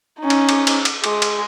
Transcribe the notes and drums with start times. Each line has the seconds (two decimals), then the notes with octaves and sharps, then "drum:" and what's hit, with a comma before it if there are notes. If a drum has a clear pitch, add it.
0.20 C#4 D#4
0.30 drum: cymbal
0.49 drum: cymbal
0.67 drum: cymbal
0.85 drum: cymbal
1.04 G#3, drum: cymbal
1.22 drum: cymbal